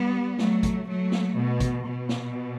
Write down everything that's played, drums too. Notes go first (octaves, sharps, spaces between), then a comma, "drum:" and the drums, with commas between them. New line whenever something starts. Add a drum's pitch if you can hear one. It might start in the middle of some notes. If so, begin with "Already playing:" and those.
Already playing: G3 B3
F#3 A3, drum: snare
drum: kick, hi-hat
F#3 A3
drum: snare
B2
drum: kick, hi-hat
B2
drum: snare